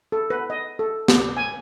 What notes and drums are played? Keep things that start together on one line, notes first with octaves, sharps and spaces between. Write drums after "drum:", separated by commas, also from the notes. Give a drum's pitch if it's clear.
A4
B4
D#5
A4
G4, drum: snare
G#5